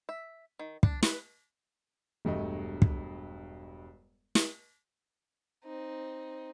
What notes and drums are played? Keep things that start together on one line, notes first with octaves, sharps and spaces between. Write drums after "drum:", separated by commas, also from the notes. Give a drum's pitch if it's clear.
E5
D#3
D4, drum: kick
B4, drum: snare
E1 G2 A3 D#5
drum: kick
drum: snare
C4 D#4